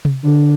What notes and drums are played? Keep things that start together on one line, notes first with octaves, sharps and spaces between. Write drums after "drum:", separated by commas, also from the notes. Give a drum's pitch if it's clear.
drum: tom C3
D3